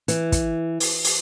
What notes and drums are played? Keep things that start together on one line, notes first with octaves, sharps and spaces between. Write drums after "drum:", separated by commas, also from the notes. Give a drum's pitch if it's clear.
E3, drum: hi-hat
drum: kick, hi-hat
drum: open hi-hat
drum: open hi-hat